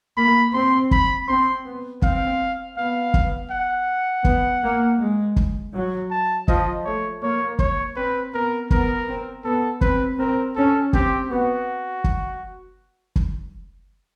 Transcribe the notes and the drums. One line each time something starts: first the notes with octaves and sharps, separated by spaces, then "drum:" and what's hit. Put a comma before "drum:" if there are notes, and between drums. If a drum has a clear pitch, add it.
A#3 B5
C4 C6
B5, drum: kick F#1
C4 C6
B3
C4 F5, drum: kick F#1
B3 F5
drum: kick F#1
F#5
B3, drum: kick F#1
A#3
G#3
drum: kick F#1
F#3
A5
F3 D#5, drum: kick F#1
A3 C#5
A#3 C#5
C#5, drum: kick F#1
C4 B4
B3 A#4
B3 A#4, drum: kick F#1
C4
B3 A4
C4 B4, drum: kick F#1
C4 A#4
C#4 A4
C4 G4, drum: kick F#1
B3 F#4
drum: kick F#1
drum: kick F#1